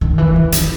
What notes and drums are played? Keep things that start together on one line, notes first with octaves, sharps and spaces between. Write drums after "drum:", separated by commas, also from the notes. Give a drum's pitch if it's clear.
D#3
E3
D#3
D#3, drum: hi-hat